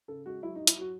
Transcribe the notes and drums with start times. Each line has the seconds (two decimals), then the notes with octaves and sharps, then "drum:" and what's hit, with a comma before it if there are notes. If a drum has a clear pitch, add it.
0.08 C#3 A4
0.26 G#3 F#4
0.42 F#3 E4
0.56 F#3 D#4
0.67 E4, drum: hi-hat
0.76 F#3 F#4